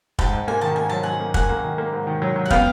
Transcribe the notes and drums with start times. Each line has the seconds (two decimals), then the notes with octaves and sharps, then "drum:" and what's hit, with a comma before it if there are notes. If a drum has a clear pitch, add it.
0.19 G#2 G5 A5, drum: kick
0.33 G#2
0.48 A#3 G#5
0.61 D#3 A5
0.76 A#3 G#5
0.89 F#3 A5
1.03 F#3 F#5 G#5
1.20 A#3
1.34 A#3 F#5 G#5, drum: kick
1.50 A#3
1.64 D#3
1.78 A#3
1.93 G#2
2.07 D#3
2.22 F#3
2.36 F#3
2.46 F#5
2.50 B3 F5 G5, drum: kick